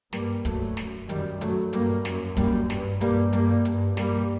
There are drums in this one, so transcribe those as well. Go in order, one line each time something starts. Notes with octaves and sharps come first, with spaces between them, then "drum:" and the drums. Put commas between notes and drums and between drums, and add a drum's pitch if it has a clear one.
G2 G3 A#3, drum: snare
G2 F#3 A3, drum: kick, hi-hat
F#2, drum: snare
F#2 D#3 G3, drum: hi-hat
F#2 F#3 A3, drum: hi-hat
G2 G3 A#3, drum: hi-hat
F#2, drum: snare
F#2 G3 A#3, drum: kick, hi-hat
G2, drum: snare
G2 G3 A#3, drum: hi-hat
G2 G3 A#3, drum: hi-hat
G2, drum: hi-hat
G2 G3 A#3, drum: snare